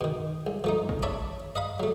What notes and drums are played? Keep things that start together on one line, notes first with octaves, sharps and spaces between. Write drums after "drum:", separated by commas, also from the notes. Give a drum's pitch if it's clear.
B2 D#3
C2
F3 A3 D#4
drum: kick
C#5 E5 A5 B5 D6
D#5 F5 B5
F#3 A3